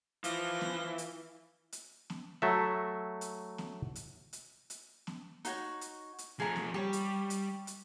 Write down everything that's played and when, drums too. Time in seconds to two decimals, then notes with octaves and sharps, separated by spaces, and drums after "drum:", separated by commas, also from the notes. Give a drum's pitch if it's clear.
0.24 E3 F3, drum: hi-hat
0.61 drum: snare B3
0.98 drum: hi-hat
1.72 drum: hi-hat
2.10 drum: snare B3
2.42 F#3 A3 E5
3.21 drum: hi-hat
3.58 drum: snare B3
3.95 drum: hi-hat
4.33 drum: hi-hat
4.70 drum: hi-hat
5.07 drum: snare B3
5.45 D#4 F#4 C#5, drum: hi-hat
5.81 drum: hi-hat
6.18 drum: hi-hat
6.40 F3 A3 G#4 A#5
6.56 drum: snare B3
6.74 G3 G4 C#5
6.93 drum: hi-hat
7.30 drum: hi-hat
7.67 drum: hi-hat